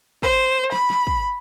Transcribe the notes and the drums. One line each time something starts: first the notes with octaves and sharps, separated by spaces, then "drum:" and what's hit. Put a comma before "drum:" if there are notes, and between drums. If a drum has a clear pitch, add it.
C5, drum: kick
B5, drum: snare
drum: snare
drum: kick